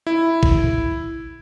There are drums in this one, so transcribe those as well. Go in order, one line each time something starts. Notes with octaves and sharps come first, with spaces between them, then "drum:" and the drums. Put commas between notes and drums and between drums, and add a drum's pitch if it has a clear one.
E4
drum: kick